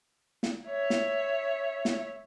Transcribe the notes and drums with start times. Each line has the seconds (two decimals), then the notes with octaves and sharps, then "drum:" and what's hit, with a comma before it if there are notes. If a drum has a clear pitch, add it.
0.43 drum: snare
0.67 C#5 E5
0.90 drum: snare
1.85 drum: snare